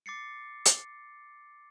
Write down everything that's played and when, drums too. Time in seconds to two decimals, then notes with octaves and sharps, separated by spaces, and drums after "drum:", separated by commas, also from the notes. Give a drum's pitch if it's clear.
0.06 D6 A6 C7 C#7
0.66 drum: hi-hat